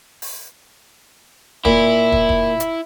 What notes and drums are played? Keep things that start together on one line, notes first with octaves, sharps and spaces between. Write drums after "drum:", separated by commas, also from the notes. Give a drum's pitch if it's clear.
drum: open hi-hat
A#2 E4, drum: kick
drum: kick
drum: kick
drum: hi-hat